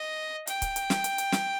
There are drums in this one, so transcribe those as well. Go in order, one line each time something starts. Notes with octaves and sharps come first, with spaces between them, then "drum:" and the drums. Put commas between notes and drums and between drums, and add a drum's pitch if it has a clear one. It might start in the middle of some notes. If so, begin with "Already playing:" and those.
Already playing: D#5
G5, drum: hi-hat
drum: kick C#1, hi-hat
drum: hi-hat
drum: snare
drum: hi-hat
drum: hi-hat
drum: snare